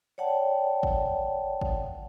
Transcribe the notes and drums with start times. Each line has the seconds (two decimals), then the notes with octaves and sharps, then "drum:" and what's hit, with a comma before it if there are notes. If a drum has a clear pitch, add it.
0.18 C#5 D5 F#5 G5 A5
0.83 drum: kick
1.61 drum: kick